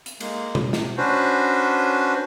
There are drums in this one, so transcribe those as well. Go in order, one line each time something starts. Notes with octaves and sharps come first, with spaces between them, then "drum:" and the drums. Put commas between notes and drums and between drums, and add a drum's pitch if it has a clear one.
drum: hi-hat
G#3 A#3, drum: cymbal
drum: tom B2
C3, drum: snare
C#4 D4 F#4 B4 C5